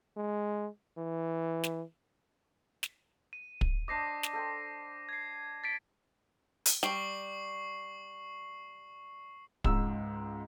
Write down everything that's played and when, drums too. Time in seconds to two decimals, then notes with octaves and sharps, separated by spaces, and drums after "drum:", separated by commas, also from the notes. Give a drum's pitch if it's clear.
0.17 G#3
0.98 E3
1.64 drum: snare
2.83 drum: snare
3.33 D#7
3.61 drum: kick
3.88 D4 C5 D#5 D6 A#6 C7
4.23 drum: snare
4.33 A4 G5 C6
5.09 G#6 C7
5.64 A6 B6 D7
6.66 drum: hi-hat
6.83 G3 C#6 C7 F#7, drum: snare
9.64 C#2 G#2 E6, drum: kick